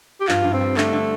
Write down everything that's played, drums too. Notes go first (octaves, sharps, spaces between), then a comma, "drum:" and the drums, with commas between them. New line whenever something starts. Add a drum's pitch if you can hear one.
G4
G2 F4, drum: clap
G2
C4
G3
D3 A3, drum: clap
D3